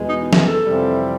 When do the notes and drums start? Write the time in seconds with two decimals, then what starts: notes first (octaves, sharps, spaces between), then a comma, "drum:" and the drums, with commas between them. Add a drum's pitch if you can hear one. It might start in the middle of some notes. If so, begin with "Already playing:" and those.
Already playing: E2 B2 G#3
0.09 D#4
0.33 drum: snare
0.47 A4
0.65 F2 C3 E3 G3